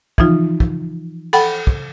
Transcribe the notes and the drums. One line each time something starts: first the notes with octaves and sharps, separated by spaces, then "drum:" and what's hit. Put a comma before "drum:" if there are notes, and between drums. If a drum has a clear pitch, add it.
E3 F3 D#4 F4, drum: kick
drum: kick
A4 F#5 G5 B5, drum: cymbal
drum: kick